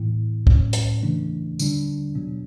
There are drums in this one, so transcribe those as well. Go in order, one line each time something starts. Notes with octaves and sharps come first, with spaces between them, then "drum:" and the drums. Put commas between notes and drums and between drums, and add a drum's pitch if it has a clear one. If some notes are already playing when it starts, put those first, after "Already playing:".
Already playing: A2 E3 B3 E4
A2 F#3 C#4, drum: kick
drum: hi-hat
C#3 E3 A3 D4
D3 G3 D4, drum: tambourine
B2 F#3 B3 D4